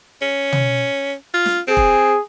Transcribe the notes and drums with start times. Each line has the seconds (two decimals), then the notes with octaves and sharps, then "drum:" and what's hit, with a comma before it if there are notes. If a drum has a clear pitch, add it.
0.21 C#4
0.53 drum: tom
1.34 F4
1.46 drum: snare
1.67 C4 G#4
1.77 drum: kick E1